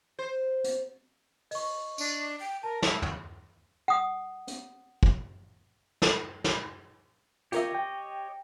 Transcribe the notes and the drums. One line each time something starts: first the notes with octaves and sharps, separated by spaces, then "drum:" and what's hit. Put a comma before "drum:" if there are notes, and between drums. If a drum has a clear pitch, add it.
C5
drum: hi-hat
D#5 C#6, drum: open hi-hat
D4, drum: tambourine
G5
A#4 A5
E4, drum: snare
drum: tom
F#5 D#6
drum: hi-hat
drum: kick
drum: snare
drum: snare
F4 G4 A#4 C#5 D#5 E5, drum: hi-hat
G5